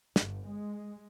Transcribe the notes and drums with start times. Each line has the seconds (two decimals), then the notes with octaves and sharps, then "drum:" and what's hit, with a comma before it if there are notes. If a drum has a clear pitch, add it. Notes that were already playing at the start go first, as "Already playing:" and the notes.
0.16 G1, drum: snare
0.46 G#3